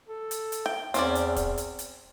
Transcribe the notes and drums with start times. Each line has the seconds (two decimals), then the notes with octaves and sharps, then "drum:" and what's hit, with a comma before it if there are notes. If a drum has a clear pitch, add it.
0.09 A4
0.31 drum: hi-hat
0.52 drum: hi-hat
0.66 G5
0.94 E2 C4 C#4 D5, drum: hi-hat
1.15 drum: hi-hat
1.36 drum: kick, hi-hat
1.58 drum: hi-hat
1.79 drum: hi-hat